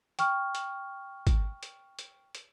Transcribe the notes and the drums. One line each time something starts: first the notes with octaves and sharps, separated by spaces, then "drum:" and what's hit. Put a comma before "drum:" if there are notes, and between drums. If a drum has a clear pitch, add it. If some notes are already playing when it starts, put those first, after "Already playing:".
G5 C#6 F6, drum: hi-hat
drum: hi-hat
drum: kick, hi-hat
drum: hi-hat
drum: hi-hat
drum: hi-hat